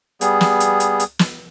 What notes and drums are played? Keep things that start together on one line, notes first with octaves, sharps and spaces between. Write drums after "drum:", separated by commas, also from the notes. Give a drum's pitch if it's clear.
G3 B3 G#4, drum: hi-hat
drum: snare
drum: hi-hat
drum: hi-hat
drum: hi-hat
drum: snare